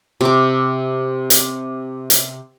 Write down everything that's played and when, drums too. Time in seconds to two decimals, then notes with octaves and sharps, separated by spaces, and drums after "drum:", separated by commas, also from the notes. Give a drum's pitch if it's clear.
0.21 C3 D6
1.30 drum: hi-hat
2.10 drum: hi-hat